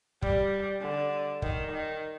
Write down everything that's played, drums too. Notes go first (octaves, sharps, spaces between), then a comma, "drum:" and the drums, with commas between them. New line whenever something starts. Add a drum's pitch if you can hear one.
G3, drum: kick
D3
D#3, drum: kick
D#3